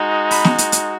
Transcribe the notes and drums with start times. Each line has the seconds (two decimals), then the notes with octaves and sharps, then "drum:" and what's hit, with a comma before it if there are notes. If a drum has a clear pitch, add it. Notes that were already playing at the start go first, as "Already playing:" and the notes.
Already playing: G#3 D#4 F#4
0.31 B5, drum: open hi-hat
0.45 drum: snare
0.58 drum: hi-hat
0.72 drum: hi-hat